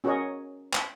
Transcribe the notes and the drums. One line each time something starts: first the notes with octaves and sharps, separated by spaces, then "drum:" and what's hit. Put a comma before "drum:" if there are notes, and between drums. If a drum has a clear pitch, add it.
C#4 F#4 G#4 A#4 C#5 D#5
drum: clap